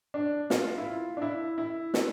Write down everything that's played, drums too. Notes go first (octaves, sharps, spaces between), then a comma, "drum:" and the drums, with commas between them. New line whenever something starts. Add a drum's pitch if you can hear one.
D4
F4, drum: snare
E4
F4
D4
E4
E4
drum: snare